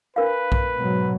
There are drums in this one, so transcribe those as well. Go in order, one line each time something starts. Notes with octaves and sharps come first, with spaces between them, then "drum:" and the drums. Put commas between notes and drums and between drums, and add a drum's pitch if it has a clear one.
D4 A#4 B4 F5
drum: kick B1
G#2 B2 F#3